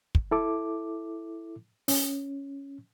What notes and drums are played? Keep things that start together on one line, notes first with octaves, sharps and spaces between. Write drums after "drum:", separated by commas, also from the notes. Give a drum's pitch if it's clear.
drum: kick
E4 A4 D6
C#4, drum: open hi-hat